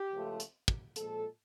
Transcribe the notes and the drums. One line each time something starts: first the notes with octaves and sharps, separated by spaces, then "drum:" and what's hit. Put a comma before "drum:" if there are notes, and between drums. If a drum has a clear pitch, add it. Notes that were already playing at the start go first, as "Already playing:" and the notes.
Already playing: G4
C#2 C#3 F3 A3
drum: hi-hat
drum: kick
A#2 F3 G#3 A4, drum: hi-hat